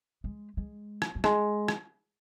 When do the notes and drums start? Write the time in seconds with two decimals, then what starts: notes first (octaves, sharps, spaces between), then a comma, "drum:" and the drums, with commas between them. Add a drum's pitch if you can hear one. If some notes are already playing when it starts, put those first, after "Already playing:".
0.24 G#3
0.57 G#3
1.02 drum: rim click
1.15 F#3
1.24 G#3, drum: rim click
1.68 drum: rim click